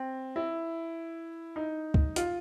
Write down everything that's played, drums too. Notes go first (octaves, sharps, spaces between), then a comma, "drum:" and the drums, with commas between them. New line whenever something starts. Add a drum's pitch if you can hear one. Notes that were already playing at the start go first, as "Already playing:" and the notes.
Already playing: C4
E4
D#4
drum: kick C#2
F4, drum: hi-hat